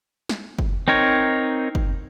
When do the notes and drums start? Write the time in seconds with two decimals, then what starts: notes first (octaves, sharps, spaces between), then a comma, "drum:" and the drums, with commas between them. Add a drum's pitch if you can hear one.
0.29 drum: snare
0.59 drum: kick
0.88 C4 D#4 A#4 C#5
1.75 drum: kick